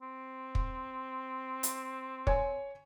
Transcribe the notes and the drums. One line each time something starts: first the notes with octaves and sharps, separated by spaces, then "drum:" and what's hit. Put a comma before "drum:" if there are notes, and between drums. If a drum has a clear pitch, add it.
C4
drum: kick
drum: hi-hat
C#5 G#5, drum: kick